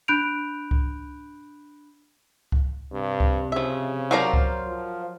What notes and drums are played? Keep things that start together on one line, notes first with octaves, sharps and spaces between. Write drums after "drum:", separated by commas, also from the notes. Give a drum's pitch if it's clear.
D4 B5 F#6 G6 D7 F7
drum: kick C#2
drum: kick C#2
G2 C3
drum: kick C#2
C#3 F3 E5
F#3 A#4 C5 D5 F5 A#5
drum: kick C#2
F3